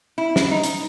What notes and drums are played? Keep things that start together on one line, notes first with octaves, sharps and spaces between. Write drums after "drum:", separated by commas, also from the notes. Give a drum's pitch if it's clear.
E4
drum: snare
D#4
drum: hi-hat